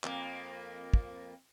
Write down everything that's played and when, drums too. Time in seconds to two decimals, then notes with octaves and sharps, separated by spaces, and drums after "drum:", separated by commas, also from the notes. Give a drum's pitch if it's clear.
0.04 F2 A#3, drum: clap
0.94 drum: kick